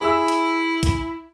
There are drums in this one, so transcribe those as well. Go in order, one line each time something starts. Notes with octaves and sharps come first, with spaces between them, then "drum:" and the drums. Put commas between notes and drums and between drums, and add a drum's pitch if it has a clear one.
E4 G#4 E5 E6
drum: hi-hat
drum: kick, hi-hat